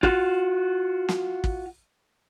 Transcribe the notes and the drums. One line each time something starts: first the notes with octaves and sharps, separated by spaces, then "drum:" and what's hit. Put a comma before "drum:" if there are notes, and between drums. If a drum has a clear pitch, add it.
F4 F#4, drum: kick
drum: snare
drum: kick